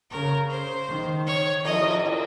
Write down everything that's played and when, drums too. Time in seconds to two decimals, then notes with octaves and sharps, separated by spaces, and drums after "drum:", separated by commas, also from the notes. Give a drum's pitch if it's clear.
0.11 C#3 A#4
0.50 C5
0.88 D#3
1.26 C#5
1.65 F3 D#5, drum: cymbal